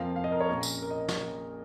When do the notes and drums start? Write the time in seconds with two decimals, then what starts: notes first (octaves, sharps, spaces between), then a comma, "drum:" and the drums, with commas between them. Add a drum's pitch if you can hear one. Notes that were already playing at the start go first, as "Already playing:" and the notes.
Already playing: F2 F3 A#3 F5
0.16 F5
0.24 D#5
0.32 A#4
0.40 C#5
0.49 A#1 A#2 A#3 C#4 A#4
0.63 drum: tambourine
0.82 A#4
0.90 D#5
1.08 drum: snare